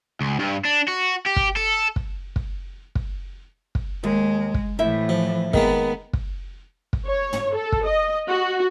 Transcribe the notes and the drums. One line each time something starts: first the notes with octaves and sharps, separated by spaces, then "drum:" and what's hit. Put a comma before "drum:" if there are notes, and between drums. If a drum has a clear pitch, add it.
C#2
G2
D4
F#4
G4
drum: kick
A4
drum: kick
drum: kick
drum: kick
drum: kick
D#2 G#3
drum: kick
A2 E3 E4 C5 E5
F3
D#3 G#3 A#3 B3, drum: kick
drum: kick
drum: kick
C#5
drum: tom
A4
drum: kick
D#5
F#4